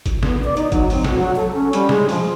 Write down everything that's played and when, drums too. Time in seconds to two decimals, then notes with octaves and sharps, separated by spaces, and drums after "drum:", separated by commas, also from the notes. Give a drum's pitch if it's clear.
0.06 drum: kick G#1, hi-hat
0.23 B3, drum: snare
0.44 D5
0.57 D#4, drum: hi-hat
0.72 F#3, drum: kick G#1, hi-hat
0.90 C4, drum: open hi-hat
1.04 F#4, drum: snare
1.18 F#3
1.36 A4
1.53 C#4
1.73 G3, drum: hi-hat
1.89 G#3, drum: snare
2.09 F3, drum: open hi-hat